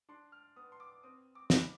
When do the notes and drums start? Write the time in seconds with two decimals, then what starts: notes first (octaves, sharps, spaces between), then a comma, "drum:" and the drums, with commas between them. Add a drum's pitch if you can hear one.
0.09 D4 C6
0.32 F6
0.56 B3 D#6
0.72 C6
0.80 D6
1.03 C4 D#6
1.35 D6
1.50 G#3, drum: snare
1.60 B5